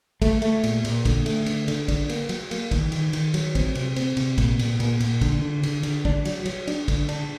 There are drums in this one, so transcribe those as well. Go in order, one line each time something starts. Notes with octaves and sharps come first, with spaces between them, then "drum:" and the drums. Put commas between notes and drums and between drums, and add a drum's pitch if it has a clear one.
A3, drum: kick, cymbal
A3, drum: cymbal
A#2, drum: cymbal
A#2, drum: cymbal
D3, drum: kick, cymbal
A3, drum: cymbal
D3, drum: cymbal
D3, drum: cymbal
D4, drum: kick, cymbal
A#3, drum: cymbal
F#3, drum: cymbal
A#3, drum: cymbal
D#3, drum: kick, cymbal
D#3, drum: cymbal
D#3, drum: cymbal
F#3, drum: cymbal
C4, drum: kick, cymbal
C3, drum: cymbal
C4, drum: cymbal
C3, drum: cymbal
A#2, drum: kick, cymbal
A#2, drum: cymbal
A#2, drum: cymbal
A#2, drum: cymbal
D3, drum: kick, cymbal
D3
D3, drum: cymbal
D3, drum: cymbal
D4, drum: kick
F#3, drum: cymbal
F#3, drum: cymbal
D4, drum: cymbal
D3, drum: kick, cymbal
D4, drum: cymbal